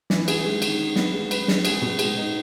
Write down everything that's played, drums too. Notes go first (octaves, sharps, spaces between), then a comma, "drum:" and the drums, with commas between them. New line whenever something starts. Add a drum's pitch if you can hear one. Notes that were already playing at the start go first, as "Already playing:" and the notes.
E3, drum: snare
G#4, drum: cymbal
G#3
D#3, drum: cymbal
D#3
B3, drum: snare
G#3
B4, drum: cymbal
G#3, drum: snare
G#4, drum: cymbal
B2
G#3, drum: cymbal
D#4